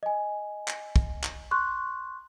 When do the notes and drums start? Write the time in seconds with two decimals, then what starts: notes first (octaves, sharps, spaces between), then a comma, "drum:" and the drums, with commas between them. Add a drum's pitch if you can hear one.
0.03 D#5 G#5
0.68 drum: clap
0.96 drum: kick
1.23 drum: clap
1.51 C6 C#6 F#6